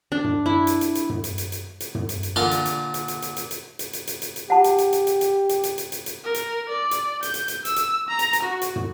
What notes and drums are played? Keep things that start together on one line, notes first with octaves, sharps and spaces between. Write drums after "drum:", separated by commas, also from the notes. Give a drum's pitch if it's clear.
D4
drum: tom
E4
drum: hi-hat
drum: hi-hat
drum: hi-hat
drum: tom
drum: hi-hat
drum: hi-hat
drum: hi-hat
drum: hi-hat
drum: tom
drum: hi-hat
drum: hi-hat
A#2 D3 F5 C6
drum: hi-hat
drum: hi-hat
drum: hi-hat
drum: hi-hat
drum: hi-hat
drum: hi-hat
drum: hi-hat
drum: hi-hat
drum: hi-hat
drum: hi-hat
drum: hi-hat
drum: hi-hat
G4 F#5 A5
drum: hi-hat
drum: hi-hat
drum: hi-hat
drum: hi-hat
drum: hi-hat
drum: hi-hat
drum: hi-hat
drum: hi-hat
drum: hi-hat
drum: hi-hat
A#4
drum: hi-hat
D5
drum: hi-hat
G6, drum: hi-hat
drum: hi-hat
drum: hi-hat
E6, drum: hi-hat
drum: hi-hat
A#5
drum: hi-hat
drum: hi-hat
F#4
drum: hi-hat
drum: tom